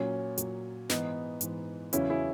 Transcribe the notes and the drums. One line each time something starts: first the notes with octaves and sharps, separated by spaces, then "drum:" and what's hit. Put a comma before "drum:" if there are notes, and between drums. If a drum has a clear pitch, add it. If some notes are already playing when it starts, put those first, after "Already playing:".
Already playing: A#2 F#3 C#4
A#2 F#3, drum: hi-hat
G#2 E3 B3 D#4, drum: snare
G#2 E3, drum: hi-hat
E2 C#3 F#3 C#4 E4, drum: hi-hat
E4 G#4